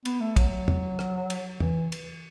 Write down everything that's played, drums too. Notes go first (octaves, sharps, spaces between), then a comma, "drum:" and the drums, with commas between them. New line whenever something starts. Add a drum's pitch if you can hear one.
B3, drum: cymbal
A3
F#3, drum: kick, cymbal
drum: tom
drum: rim click
drum: cymbal
E3, drum: tom
drum: cymbal